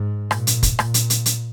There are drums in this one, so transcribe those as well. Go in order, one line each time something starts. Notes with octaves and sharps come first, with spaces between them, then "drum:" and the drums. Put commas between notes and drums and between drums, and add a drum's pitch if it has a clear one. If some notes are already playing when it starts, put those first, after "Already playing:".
Already playing: G#2
A#2, drum: rim click
drum: hi-hat
drum: kick, hi-hat
A#2, drum: rim click
drum: hi-hat
drum: hi-hat
drum: hi-hat